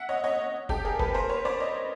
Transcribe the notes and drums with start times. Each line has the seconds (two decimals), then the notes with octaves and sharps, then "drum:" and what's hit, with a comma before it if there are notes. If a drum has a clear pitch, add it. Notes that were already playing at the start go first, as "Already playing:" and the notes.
Already playing: E5 F#5
0.09 C#5 D#5
0.24 C#5 D#5
0.69 G4 A4, drum: kick
0.85 G#4 A#4
1.00 A4 B4, drum: kick
1.11 B4
1.14 A#4 C5
1.29 B4 C#5
1.45 C5 D5
1.60 C#5 D#5